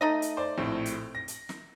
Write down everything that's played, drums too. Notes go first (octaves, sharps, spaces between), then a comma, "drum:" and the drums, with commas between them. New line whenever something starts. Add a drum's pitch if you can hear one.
A3 D#4 D#5
drum: hi-hat
C5 D5
A#1 A2 C4
drum: hi-hat
A#6
drum: hi-hat
drum: snare